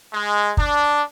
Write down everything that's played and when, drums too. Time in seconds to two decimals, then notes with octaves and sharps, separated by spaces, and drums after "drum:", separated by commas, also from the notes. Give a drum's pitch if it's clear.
0.11 G#3
0.57 D4, drum: kick